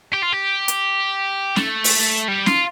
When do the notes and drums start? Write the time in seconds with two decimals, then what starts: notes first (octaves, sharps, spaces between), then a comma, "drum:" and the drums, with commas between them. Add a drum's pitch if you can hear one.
0.14 G4
0.23 F4
0.33 G4
0.68 drum: hi-hat
1.56 A3, drum: snare
1.84 drum: open hi-hat
2.28 G3
2.46 F4, drum: snare